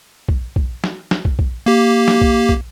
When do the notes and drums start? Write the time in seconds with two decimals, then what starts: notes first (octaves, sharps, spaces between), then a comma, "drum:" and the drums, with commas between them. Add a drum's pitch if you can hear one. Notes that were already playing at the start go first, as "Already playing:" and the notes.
0.29 drum: kick
0.56 drum: kick
0.84 drum: snare
1.11 drum: snare
1.25 drum: kick
1.39 drum: kick
1.66 A#3 G4
2.08 drum: snare
2.21 drum: kick
2.49 drum: kick